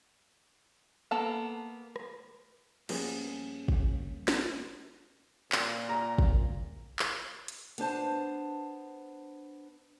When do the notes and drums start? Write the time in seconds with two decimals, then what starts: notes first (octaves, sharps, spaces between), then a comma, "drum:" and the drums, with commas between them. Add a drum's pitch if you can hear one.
1.11 A#3 B3 A4 A5
1.96 drum: rim click
2.89 G2 F3 A#3 B3 C#4 G#4, drum: cymbal
3.68 drum: kick
4.28 drum: snare
5.52 A#2, drum: clap
5.89 A#5
6.18 drum: kick
6.99 drum: clap
7.48 drum: hi-hat
7.78 B3 D4 C5 A5, drum: hi-hat